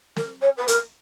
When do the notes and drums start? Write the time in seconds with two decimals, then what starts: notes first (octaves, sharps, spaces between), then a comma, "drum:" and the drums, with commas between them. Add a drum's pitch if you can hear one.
0.16 A#4, drum: snare
0.41 C#5
0.57 B4
0.68 A#4, drum: hi-hat